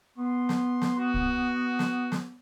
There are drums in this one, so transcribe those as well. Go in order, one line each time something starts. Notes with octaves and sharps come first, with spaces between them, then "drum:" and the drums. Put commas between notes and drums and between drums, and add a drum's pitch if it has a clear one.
B3 C6
drum: snare
drum: snare
F#4
drum: kick
drum: snare
drum: snare